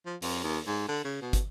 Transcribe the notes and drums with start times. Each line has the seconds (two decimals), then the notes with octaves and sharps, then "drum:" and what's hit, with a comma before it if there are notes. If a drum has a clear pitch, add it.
0.06 F3
0.22 F2, drum: open hi-hat
0.44 D#2
0.67 G#2
0.89 D3
1.05 C#3
1.22 B2
1.33 drum: kick, hi-hat